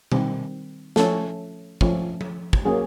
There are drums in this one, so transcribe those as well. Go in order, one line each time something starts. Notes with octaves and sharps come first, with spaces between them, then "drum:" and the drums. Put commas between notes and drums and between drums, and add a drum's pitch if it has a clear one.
D#3 G3 C4, drum: tom B2
F3 A3 C#4 A4, drum: snare
F3 A3 C#4, drum: kick
drum: tom F3
drum: kick
F#3 A#3 C#4 G#4